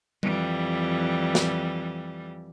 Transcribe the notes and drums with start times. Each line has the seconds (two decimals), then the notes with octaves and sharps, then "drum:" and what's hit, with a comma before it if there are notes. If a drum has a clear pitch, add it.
0.23 F2 E3 G3, drum: tom G3
1.35 drum: snare